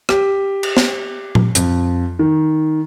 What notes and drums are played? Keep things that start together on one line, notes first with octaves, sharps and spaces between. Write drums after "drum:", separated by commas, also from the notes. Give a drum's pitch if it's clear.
G4, drum: rim click
drum: cymbal
drum: snare
drum: tom A#2
F2, drum: hi-hat
D#3